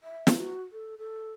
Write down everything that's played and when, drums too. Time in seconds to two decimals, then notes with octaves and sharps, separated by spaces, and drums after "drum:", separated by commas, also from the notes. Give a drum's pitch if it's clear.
0.04 E5
0.27 drum: snare
0.37 F#4
0.72 A4
0.98 A4